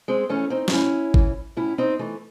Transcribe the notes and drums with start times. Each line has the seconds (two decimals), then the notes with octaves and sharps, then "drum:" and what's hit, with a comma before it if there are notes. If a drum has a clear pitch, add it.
0.08 G#3 C4
0.29 E3 A3 C#4
0.50 C4 D#4
0.68 D#4, drum: snare
0.72 A2 C#4 E4
1.14 E3, drum: kick G#1
1.57 A2 C#4 E4
1.78 C4 D#4
1.99 E3 A3